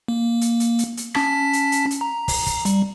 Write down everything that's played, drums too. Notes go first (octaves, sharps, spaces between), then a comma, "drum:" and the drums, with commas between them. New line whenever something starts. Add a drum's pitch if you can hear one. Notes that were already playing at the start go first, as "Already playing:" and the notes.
A#3
drum: hi-hat
drum: hi-hat
drum: hi-hat
drum: hi-hat
C#4 A5 B6, drum: rim click
drum: hi-hat
drum: hi-hat
drum: hi-hat
A#5
drum: kick, open hi-hat
drum: kick, hi-hat
G3, drum: hi-hat